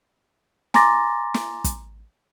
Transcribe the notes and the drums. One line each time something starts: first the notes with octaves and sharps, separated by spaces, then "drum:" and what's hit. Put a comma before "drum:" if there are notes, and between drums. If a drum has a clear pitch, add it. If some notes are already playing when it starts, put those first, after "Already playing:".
G#5 A#5 C6 D6 A6 A#6, drum: snare
drum: snare
drum: kick, hi-hat